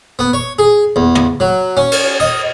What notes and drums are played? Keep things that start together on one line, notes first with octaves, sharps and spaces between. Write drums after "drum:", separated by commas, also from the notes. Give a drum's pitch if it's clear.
B3
C#5
G#4
E2
drum: tom
F#3
C#4
drum: cymbal
D#5